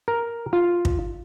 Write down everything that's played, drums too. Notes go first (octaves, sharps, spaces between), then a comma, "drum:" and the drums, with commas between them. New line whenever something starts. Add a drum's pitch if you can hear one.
A#4
F4
drum: kick